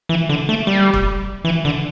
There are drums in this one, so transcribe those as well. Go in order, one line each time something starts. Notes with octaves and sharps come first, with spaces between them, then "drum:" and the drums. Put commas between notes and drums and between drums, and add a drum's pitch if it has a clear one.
E3
D3
A3
G3
drum: kick
E3
D3